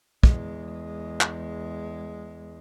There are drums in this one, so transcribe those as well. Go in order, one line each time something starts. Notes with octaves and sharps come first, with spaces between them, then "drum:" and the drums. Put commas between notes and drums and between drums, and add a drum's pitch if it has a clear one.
E2 G#3, drum: kick
drum: clap